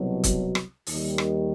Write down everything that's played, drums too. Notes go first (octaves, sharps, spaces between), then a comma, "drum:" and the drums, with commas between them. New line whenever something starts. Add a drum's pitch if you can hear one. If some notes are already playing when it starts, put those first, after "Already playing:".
Already playing: C2 B2 F#3
drum: kick, hi-hat
drum: rim click
D#2 D#3 G3, drum: open hi-hat
drum: rim click